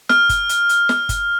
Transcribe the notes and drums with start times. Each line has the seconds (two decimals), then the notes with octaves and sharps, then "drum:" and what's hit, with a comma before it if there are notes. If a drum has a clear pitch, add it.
0.09 F6, drum: snare
0.29 drum: kick, hi-hat
0.49 drum: hi-hat
0.69 drum: hi-hat
0.89 drum: snare
1.09 drum: kick, hi-hat